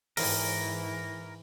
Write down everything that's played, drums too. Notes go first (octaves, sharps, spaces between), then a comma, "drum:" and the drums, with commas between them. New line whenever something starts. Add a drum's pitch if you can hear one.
G#2 E3 A#4, drum: open hi-hat